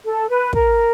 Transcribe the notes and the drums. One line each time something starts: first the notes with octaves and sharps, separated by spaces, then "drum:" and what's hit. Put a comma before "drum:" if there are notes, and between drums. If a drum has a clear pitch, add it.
A4
B4
A#4, drum: kick